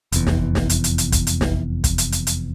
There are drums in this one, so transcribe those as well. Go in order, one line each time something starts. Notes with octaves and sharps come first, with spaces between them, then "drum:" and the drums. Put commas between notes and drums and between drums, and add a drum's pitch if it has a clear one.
F1 E2, drum: hi-hat
drum: snare
drum: snare
drum: hi-hat
drum: hi-hat
drum: hi-hat
drum: kick, hi-hat
drum: hi-hat
drum: snare
drum: kick, hi-hat
drum: hi-hat
drum: hi-hat
drum: hi-hat